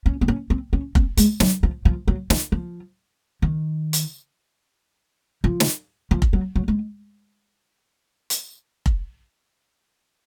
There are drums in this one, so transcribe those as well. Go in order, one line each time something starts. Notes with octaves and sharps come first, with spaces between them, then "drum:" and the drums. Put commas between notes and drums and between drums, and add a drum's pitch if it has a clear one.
C#4
C4
C#4
C4
C#4
C4, drum: kick F1
G#3, drum: hi-hat
F#3, drum: snare
F3
F3
F#3
F3, drum: snare
F3
D#3
drum: hi-hat
F3
drum: snare
F3
drum: kick F1
F#3
F#3
G#3
drum: hi-hat
drum: kick F1